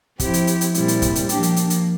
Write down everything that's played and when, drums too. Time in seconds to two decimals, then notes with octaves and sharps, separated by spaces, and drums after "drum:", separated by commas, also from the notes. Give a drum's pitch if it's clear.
0.20 F3 C4 E4 G4, drum: kick, hi-hat
0.34 drum: hi-hat
0.47 drum: hi-hat
0.61 drum: hi-hat
0.74 A#2 G3 C4 E4, drum: hi-hat
0.88 drum: hi-hat
1.02 drum: kick, hi-hat
1.15 drum: hi-hat
1.29 F3 A#3 D4 G4, drum: hi-hat
1.43 drum: hi-hat
1.56 drum: hi-hat
1.70 drum: hi-hat